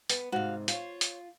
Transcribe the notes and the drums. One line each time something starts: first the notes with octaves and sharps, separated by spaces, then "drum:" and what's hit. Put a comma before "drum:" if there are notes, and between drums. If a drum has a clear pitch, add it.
B3, drum: hi-hat
G#2 C3 F#4 F5
F4 C5 C#5, drum: hi-hat
drum: hi-hat